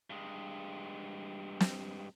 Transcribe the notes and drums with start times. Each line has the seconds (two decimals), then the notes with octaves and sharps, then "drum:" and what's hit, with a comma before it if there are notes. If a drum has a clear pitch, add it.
0.10 G2 G#3
1.60 drum: snare